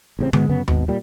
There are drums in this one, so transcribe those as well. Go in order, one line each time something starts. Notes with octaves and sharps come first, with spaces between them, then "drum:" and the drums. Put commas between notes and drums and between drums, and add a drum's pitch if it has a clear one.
A1 C#3 C4
G#2 B2 G#3 B3, drum: tom D3
F#2 C#3 B3
G#1 B2, drum: tom D#2
A#2 G3